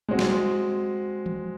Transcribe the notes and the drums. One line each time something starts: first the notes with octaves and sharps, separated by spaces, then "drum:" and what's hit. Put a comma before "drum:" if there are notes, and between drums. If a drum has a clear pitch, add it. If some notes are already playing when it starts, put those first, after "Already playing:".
G#3 C4 F#4
drum: snare
drum: tom E3